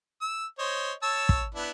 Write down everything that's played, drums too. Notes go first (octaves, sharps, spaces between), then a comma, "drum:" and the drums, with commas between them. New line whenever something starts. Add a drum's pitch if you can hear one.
E6
C5 C#5 D#5
C#5 A5 E6
drum: kick
B3 D4 E4